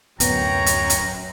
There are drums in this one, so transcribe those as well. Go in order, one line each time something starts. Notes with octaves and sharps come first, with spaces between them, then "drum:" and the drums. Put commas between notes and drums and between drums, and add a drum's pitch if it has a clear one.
D1 F#2 F#3 B3 C#5 G5 A#5, drum: hi-hat
drum: hi-hat
drum: hi-hat